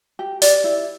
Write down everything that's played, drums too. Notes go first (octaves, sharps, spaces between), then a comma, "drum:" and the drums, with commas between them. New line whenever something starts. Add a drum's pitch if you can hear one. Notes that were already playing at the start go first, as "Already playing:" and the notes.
G4
G4 D5, drum: hi-hat
E4